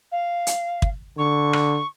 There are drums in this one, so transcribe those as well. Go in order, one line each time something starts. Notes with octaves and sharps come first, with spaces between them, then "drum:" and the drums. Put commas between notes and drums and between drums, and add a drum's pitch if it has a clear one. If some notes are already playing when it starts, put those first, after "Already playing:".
F5
drum: hi-hat
drum: kick
D3 C#6
drum: rim click